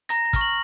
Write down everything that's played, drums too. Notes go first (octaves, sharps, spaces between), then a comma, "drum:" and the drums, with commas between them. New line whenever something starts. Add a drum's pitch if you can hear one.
A#5 A#6, drum: hi-hat
A#6
C#6 F6, drum: kick, hi-hat
F#7